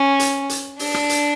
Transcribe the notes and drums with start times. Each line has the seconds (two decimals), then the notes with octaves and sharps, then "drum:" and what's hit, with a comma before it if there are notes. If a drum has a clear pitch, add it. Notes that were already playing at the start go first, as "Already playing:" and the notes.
Already playing: C#4
0.19 drum: hi-hat
0.49 drum: hi-hat
0.79 D4, drum: open hi-hat
0.94 drum: rim click
1.09 drum: hi-hat